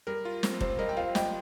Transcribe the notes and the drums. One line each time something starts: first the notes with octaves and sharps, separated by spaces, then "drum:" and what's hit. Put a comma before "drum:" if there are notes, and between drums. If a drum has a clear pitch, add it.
G3 A#4
F4
C4, drum: snare
G3 C5, drum: kick
G3 A#4 D#5
G5
F4 C5 F5
G3 D#5 G5, drum: snare